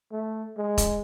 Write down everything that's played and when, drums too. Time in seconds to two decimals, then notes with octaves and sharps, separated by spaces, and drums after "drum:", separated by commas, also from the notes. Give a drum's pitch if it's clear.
0.12 A3
0.57 G#3
0.78 drum: kick E1, hi-hat